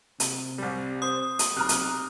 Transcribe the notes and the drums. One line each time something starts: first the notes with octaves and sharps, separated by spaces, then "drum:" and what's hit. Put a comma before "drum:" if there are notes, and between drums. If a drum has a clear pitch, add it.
C3, drum: hi-hat
C2 G3
C5 D#6
drum: hi-hat
B1 C3 A#5 F6 F#6
drum: hi-hat